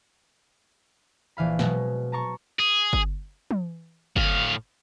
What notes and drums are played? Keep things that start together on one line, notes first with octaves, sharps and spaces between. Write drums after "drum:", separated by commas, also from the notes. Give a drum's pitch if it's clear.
A#1 E3 F5 B5
B2 F#3 G#3, drum: snare
A5 A#5 C#6
G#4
drum: kick G1
drum: tom
A2 F5, drum: kick G1